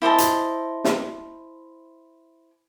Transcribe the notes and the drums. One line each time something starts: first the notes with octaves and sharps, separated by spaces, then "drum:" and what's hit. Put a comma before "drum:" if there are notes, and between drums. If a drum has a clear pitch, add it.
E4 C5 D#5 A5
drum: hi-hat
drum: snare